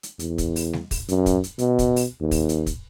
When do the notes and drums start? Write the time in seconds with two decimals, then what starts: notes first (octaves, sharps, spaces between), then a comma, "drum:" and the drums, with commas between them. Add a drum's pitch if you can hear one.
0.03 drum: hi-hat
0.19 E2, drum: hi-hat
0.38 drum: kick, hi-hat
0.56 drum: open hi-hat
0.73 drum: snare G3
0.91 drum: kick, open hi-hat
1.08 F#2, drum: hi-hat
1.26 drum: kick, hi-hat
1.44 drum: hi-hat
1.59 B2, drum: hi-hat
1.79 drum: kick, hi-hat
1.96 drum: open hi-hat
2.21 D#2
2.31 drum: kick, open hi-hat
2.49 drum: hi-hat
2.66 drum: kick, hi-hat